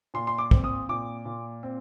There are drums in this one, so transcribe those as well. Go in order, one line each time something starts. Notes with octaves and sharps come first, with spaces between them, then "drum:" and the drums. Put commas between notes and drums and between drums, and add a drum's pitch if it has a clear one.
A#2 C6
C6
D6
C4, drum: kick
D#6
A#2 D6
A#2
C4